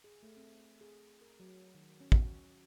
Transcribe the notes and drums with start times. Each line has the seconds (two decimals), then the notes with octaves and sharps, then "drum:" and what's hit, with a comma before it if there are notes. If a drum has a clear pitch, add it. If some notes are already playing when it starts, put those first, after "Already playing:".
0.04 G#4
0.23 A3
0.37 C4
0.81 G#4
1.21 A#4
1.40 F#3
1.75 D#3
2.00 C#4
2.12 F#4, drum: kick